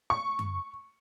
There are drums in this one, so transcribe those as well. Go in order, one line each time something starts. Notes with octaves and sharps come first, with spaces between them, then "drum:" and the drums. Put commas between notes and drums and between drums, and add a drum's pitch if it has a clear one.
C#6
drum: tom F#2